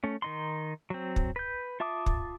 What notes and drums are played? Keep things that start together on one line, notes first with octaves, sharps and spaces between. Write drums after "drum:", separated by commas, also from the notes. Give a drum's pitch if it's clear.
A3 C#4
D#3 D#4 C6
F#3 C4
drum: kick
B4 G6
F4 E5 A5 D6 D#6
drum: kick